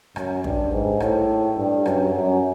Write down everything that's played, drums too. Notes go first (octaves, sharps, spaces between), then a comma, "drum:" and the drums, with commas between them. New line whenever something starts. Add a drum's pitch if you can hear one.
F#2, drum: rim click
G2, drum: kick
G#2
A2, drum: rim click
G2
F#2, drum: rim click
F#2